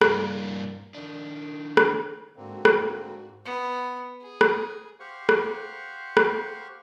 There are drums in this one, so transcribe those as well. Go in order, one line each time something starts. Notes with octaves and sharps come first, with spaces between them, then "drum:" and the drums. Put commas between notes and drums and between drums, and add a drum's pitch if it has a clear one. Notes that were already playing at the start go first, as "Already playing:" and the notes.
G2 A#3, drum: rim click
D#3 D4
drum: rim click
G#2 D3 A#3 C4 F#4
drum: rim click
B3
G#4
drum: rim click
G4 C5 F5 F#5 C#6
drum: rim click
drum: rim click